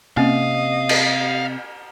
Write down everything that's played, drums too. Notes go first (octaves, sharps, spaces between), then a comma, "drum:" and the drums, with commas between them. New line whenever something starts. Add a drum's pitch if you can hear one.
C3 A#3 C4 C#4 D#5 F5
drum: cymbal